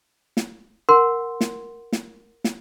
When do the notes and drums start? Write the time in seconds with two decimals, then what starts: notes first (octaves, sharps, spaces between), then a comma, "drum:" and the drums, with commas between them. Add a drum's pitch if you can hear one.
0.37 drum: snare
0.89 A#4 F#5 C6
1.41 drum: snare
1.93 drum: snare
2.44 drum: snare